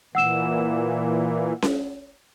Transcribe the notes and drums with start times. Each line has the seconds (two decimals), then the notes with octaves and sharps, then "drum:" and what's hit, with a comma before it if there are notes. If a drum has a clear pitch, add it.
0.15 A#2 E3 F#5 E6 E7
1.62 drum: snare C#4